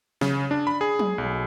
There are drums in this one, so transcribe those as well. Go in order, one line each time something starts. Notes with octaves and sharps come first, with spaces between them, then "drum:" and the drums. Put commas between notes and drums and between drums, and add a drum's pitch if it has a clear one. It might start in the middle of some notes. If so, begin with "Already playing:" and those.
C#3, drum: snare
D4
B5
G#4
drum: tom F#3
B1